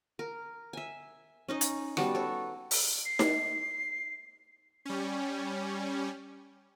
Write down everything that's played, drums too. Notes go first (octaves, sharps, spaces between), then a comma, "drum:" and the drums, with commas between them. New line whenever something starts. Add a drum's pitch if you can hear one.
A#4
E5 G#5
C#4 D#4 D#5
drum: hi-hat
G3 B3 F#4 A5, drum: rim click
A4 C#5
drum: open hi-hat
C7
drum: snare D#4
G3 C#4